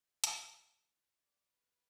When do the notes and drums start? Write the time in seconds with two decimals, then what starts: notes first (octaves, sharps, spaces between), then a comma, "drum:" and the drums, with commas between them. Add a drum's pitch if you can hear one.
0.24 E4, drum: hi-hat
0.55 D5
0.88 C5
1.20 D5
1.52 B4